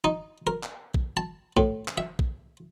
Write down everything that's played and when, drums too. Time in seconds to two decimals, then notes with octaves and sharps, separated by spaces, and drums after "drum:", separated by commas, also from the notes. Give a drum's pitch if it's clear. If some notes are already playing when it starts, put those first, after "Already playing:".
0.04 D#4
0.47 A#4
0.63 drum: clap
0.94 drum: kick A#1
1.17 A5
1.57 A2, drum: kick A#1
1.88 drum: clap
1.98 E5
2.19 drum: kick A#1